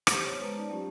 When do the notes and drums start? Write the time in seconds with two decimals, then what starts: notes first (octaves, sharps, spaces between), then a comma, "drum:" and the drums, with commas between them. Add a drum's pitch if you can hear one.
0.07 G4 C5, drum: rim click
0.21 B3 C#5
0.39 G#3 B4 C5 A5 A#5
0.56 C#4 D#4 D5 A5
0.70 F#3 A3 C#4 F4 G4